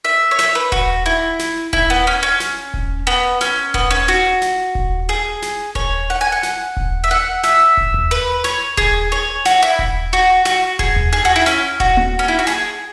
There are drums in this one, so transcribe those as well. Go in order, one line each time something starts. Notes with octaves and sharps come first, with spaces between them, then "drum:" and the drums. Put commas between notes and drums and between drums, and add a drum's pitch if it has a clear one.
E5
C#5
E5, drum: snare
B4
F#4, drum: kick D#1
E4
drum: snare
E4, drum: kick D#1
B3
C#4
C#4
drum: snare
drum: kick D#1
B3
C#4, drum: snare
B3, drum: kick D#1
C#4
F#4
drum: snare
drum: kick D#1
G#4
drum: snare
C#5, drum: kick D#1
F#5
G#5
F#5
drum: snare
drum: kick D#1
E5
F#5
E5, drum: snare
drum: kick D#1
drum: tom D#2
B4
C#5, drum: snare
G#4, drum: kick D#1
C#5
F#4, drum: snare
E4
drum: kick D#1
F#4
F#4, drum: snare
G#4, drum: kick D#1
drum: tom D#2
G#4
F#4
E4
C#4, drum: snare
F#4, drum: kick D#1
drum: tom A#3
C#4
E4
F#4
G#4, drum: snare